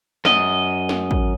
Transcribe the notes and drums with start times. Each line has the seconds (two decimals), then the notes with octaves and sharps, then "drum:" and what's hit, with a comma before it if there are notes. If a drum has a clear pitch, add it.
0.25 F#2 D#5, drum: snare
0.89 drum: snare
1.11 drum: kick